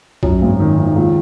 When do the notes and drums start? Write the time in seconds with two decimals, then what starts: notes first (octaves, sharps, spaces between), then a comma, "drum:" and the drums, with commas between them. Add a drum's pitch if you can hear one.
0.23 F#2, drum: kick B1
0.41 G#1
0.60 D#3
0.78 D#3
0.96 C#2